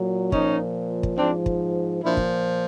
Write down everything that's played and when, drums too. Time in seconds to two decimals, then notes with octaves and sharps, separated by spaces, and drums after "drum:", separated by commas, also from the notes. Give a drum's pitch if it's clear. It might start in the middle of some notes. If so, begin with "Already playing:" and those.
Already playing: A#2 F#3
0.32 A#2 F3 C#4 D#4, drum: kick
1.03 drum: kick
1.17 G#2 F3 C4 D4
1.46 drum: kick
2.03 A#2 F3 D4 E4
2.17 drum: kick